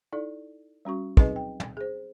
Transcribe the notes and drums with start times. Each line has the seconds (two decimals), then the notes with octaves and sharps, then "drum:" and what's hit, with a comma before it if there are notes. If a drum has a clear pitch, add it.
0.12 D#4 E4 A4 D5
0.85 G3 C#4 F#4 C#6
1.17 F#3 C4 D#4 G#4 B4 D#5, drum: kick
1.36 G5
1.60 drum: tom
1.77 G#4 C5